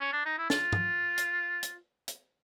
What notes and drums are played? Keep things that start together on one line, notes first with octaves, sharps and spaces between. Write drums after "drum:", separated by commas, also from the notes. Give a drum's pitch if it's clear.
C#4
D4
D#4
E4
F4, drum: snare
drum: tom G2
drum: hi-hat
drum: hi-hat
drum: hi-hat